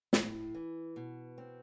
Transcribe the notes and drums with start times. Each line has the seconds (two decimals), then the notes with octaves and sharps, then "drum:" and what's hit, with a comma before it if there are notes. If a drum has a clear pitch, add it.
0.13 A2, drum: snare
0.55 E3
0.96 B2
1.38 C4